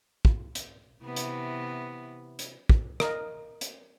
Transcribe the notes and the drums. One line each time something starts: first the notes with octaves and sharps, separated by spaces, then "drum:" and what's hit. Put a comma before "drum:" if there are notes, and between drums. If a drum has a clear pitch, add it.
drum: kick
drum: hi-hat
C3 E3 B3
drum: hi-hat
drum: hi-hat
drum: kick
A#4 D#5, drum: rim click
drum: hi-hat